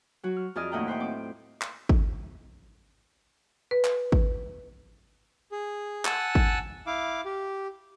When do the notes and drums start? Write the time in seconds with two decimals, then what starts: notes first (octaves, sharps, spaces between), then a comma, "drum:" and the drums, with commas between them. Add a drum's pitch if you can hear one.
0.23 F#3 F#4
0.36 F6
0.55 F2 G#4 D5 D#5 F6
0.71 D#2 A2 D#5 F#5 G5 A#5
0.87 B4 C5 F#5 G5
1.00 C4 D6 G6
1.62 drum: clap
1.89 drum: kick G#1
3.71 B4
3.85 drum: clap
4.12 drum: kick G#1
5.52 G#4
6.05 F#5 G#5 A5 E6 F#6, drum: clap
6.35 drum: kick G#1
6.87 E4 F5 D6
7.25 G4